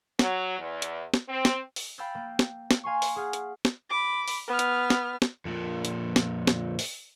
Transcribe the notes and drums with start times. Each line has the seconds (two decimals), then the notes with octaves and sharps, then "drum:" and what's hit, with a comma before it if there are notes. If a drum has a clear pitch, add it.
0.19 F#3, drum: snare
0.58 E2
0.82 drum: hi-hat
1.14 drum: snare
1.29 C4
1.45 drum: snare
1.76 drum: open hi-hat
1.98 F5 G5 B5 E6 G6 A6
2.15 A#3
2.39 drum: snare
2.71 drum: snare
2.84 F5 G#5 C6 C#6
3.02 drum: open hi-hat
3.16 G#4 F#5 F6
3.33 drum: hi-hat
3.65 drum: snare
3.89 B5 D6
4.28 drum: open hi-hat
4.48 B3 F6
4.59 drum: hi-hat
4.90 drum: snare
5.22 drum: snare
5.45 F2 A#2
5.85 drum: hi-hat
6.16 drum: snare
6.47 drum: snare
6.79 drum: open hi-hat